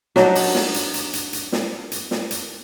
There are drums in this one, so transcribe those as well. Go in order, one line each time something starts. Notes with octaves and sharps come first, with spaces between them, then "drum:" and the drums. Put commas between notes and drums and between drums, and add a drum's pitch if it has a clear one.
F#3 D4 D#4, drum: snare
drum: open hi-hat
drum: snare
drum: hi-hat
drum: hi-hat
drum: hi-hat
drum: hi-hat
drum: snare
drum: hi-hat
drum: snare
drum: hi-hat